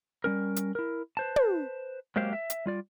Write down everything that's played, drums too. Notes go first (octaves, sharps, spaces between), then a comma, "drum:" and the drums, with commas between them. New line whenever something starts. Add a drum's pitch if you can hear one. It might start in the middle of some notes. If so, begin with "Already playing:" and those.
G3 C#4 A#4
drum: hi-hat
E4 A#4
B4 C5 A5
drum: tom
F#3 G#3 A#3 G4 C5 F5
E5
drum: hi-hat
G3 F4 D5